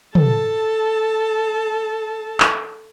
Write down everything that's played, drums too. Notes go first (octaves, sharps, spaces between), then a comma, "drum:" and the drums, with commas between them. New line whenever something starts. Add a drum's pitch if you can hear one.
A4 A5, drum: tom
drum: clap